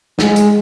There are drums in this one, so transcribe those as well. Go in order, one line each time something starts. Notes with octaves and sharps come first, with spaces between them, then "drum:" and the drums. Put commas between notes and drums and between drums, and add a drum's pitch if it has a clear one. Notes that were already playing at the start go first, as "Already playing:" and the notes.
G#3, drum: snare
drum: hi-hat